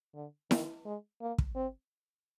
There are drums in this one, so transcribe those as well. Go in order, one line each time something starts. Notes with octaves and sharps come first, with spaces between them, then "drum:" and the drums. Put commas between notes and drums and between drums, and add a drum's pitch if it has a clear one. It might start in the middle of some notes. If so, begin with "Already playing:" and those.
D3
D#3, drum: snare E4
G#3
A#3
drum: kick
C4